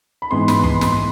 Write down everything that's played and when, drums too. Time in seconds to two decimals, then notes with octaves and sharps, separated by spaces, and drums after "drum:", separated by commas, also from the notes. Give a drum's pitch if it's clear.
0.22 B5
0.31 G#2 E3 B3 C6
0.48 B5, drum: snare
0.64 C6, drum: kick
0.81 B5, drum: snare